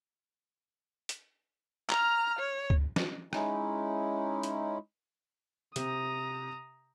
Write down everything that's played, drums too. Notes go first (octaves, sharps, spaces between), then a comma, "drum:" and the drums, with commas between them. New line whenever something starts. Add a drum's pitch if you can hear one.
drum: hi-hat
A#5 F6, drum: clap
C#5
drum: kick D2
drum: snare
G#3 C#4 D#4 E4, drum: rim click
drum: hi-hat
C3 G4 A#5 D#6, drum: hi-hat